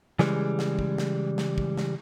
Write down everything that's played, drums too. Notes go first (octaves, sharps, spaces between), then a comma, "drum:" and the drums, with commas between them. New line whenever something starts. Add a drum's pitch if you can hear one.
C#3 E3 G3 G#3, drum: snare
drum: snare
drum: kick
drum: snare
drum: snare
drum: kick
drum: snare